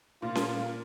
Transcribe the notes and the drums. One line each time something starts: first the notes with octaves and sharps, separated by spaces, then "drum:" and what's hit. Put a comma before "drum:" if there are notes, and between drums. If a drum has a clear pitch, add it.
A#2 F4
drum: snare C#4